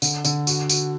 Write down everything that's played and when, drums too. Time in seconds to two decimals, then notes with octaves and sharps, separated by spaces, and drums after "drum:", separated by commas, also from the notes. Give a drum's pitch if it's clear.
0.02 D3, drum: tambourine
0.25 D3, drum: tambourine
0.47 F#4, drum: tambourine
0.69 F#4, drum: tambourine